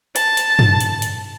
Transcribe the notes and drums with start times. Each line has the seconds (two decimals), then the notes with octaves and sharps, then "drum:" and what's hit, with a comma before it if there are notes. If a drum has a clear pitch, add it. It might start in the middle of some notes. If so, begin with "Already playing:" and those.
0.16 A5, drum: hi-hat
0.37 drum: hi-hat
0.59 drum: tom
0.80 drum: hi-hat
1.02 drum: hi-hat